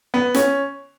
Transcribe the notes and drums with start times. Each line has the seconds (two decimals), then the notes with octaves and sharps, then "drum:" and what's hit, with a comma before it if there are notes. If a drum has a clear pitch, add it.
0.14 B3
0.35 C#4, drum: snare